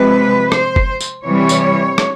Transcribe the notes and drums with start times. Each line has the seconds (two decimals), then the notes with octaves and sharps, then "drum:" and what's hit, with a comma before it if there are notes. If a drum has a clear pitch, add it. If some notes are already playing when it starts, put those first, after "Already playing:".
Already playing: C3 F3 G#3 B4
0.52 C5, drum: rim click
0.76 drum: kick F#1
1.01 drum: tambourine
1.24 C3 E3 G3 C#5
1.49 drum: tambourine
1.98 drum: rim click